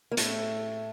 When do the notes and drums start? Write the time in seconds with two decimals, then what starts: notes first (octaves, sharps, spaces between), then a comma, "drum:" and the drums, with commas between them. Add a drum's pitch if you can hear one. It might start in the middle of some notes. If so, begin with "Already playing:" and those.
0.12 A#3
0.17 A2 A3, drum: hi-hat